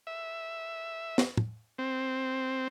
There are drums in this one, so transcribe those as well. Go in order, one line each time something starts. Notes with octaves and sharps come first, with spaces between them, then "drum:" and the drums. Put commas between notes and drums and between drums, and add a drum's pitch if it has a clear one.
E5
drum: snare
drum: tom
C4